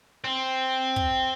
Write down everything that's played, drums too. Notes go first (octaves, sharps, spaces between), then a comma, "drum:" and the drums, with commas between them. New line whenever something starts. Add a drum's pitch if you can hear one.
C4
drum: kick